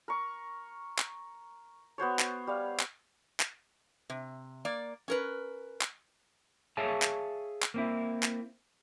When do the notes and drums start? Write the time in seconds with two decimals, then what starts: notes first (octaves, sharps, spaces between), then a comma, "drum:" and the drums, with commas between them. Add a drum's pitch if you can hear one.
0.08 A#4 C#6
0.99 drum: clap
1.98 B3 F#4 C5 C#5
2.19 drum: clap
2.47 G3 F5
2.80 drum: clap
3.40 drum: clap
4.10 C3
4.65 A#3 D5
5.08 C#4 A#4 B4
5.81 drum: clap
6.77 G#4 C#5 E5 F5 G#5 A5
7.02 drum: clap
7.62 drum: clap
7.74 A#3 C4 E4
8.23 drum: clap